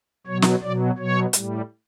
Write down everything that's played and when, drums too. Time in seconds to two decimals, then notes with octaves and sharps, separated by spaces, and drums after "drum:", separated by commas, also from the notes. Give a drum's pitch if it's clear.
0.27 B2 F#3 C#5
0.42 drum: snare
0.62 B2 F#3 D5
0.98 B2 F#3 C#5
1.33 A2 G3, drum: hi-hat